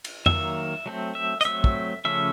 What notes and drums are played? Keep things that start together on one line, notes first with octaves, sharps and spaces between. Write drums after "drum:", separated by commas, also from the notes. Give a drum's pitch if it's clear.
drum: cymbal
D#3 F#3 A#3 E5, drum: tom F2
F#3 A3 C4
E5
D#5, drum: hi-hat
F#3 A3 C4 E5
drum: kick
C#3 F3 A3 C#4 E5